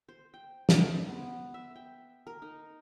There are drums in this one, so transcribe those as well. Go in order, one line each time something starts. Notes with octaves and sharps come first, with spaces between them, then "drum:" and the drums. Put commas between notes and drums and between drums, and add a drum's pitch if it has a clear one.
C5
G5
drum: snare
C5
B3
E5
G5
A#4
D#4